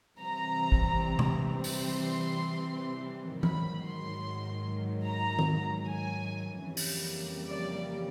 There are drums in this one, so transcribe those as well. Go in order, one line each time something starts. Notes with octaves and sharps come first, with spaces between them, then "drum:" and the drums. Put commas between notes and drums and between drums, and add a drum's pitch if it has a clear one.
C3 E3 G3 C4 A#5
drum: kick
drum: tom C3
drum: open hi-hat
C6
G#2 D#3 F#3 B5, drum: tom
C6
A#5
drum: tom D#3
G#5
F2 C#3 E3 G3 A#3
drum: open hi-hat
D5